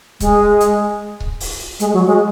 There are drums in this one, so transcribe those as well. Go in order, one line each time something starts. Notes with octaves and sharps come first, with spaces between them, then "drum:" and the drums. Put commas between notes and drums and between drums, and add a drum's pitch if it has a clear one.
G#3, drum: kick C#1, hi-hat
drum: hi-hat
drum: kick C#1
drum: open hi-hat
G#3, drum: hi-hat
F#3
G#3